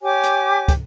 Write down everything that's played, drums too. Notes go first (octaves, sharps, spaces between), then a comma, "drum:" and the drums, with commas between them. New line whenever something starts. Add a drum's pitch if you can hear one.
G4 C#5 G#5 D6
drum: hi-hat
drum: kick, hi-hat